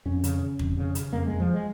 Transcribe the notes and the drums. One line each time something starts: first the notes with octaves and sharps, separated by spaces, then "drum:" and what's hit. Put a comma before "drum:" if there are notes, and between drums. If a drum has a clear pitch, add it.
F2 C#4
C#3, drum: hi-hat
C#3
F2, drum: kick
C#3
C#3, drum: hi-hat
F2 A#3
F2 G#3
F3
G#3